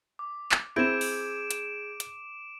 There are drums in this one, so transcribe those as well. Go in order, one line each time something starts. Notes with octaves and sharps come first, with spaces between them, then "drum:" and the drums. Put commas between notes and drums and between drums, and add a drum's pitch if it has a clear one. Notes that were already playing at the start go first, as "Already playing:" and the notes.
D6
drum: clap
C4 E4 G#4 G6 G#6 D7 E7
drum: open hi-hat
drum: hi-hat
drum: hi-hat